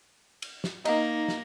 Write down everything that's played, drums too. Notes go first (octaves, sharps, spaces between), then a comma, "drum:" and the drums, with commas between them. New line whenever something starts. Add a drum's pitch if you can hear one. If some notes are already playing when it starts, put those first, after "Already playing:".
drum: cymbal
drum: snare
A#3 D#4, drum: cymbal
drum: snare